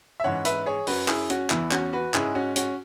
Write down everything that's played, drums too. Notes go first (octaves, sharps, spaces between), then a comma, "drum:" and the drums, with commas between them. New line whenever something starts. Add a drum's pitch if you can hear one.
E5
G#2 E3 C#4 C#5 F#5
B4 E5, drum: hi-hat
G#4 C#5
F#2 F#3 C#4 F#4 B4, drum: open hi-hat
E4 G#4, drum: clap
C#4 F#4, drum: hi-hat
E2 E3 B3 E4, drum: clap
C#4 F#4, drum: clap
F#4 B4
G#2 G#3 C#4 E4 G#4, drum: clap
C#4 F#4
C#4 F#4, drum: hi-hat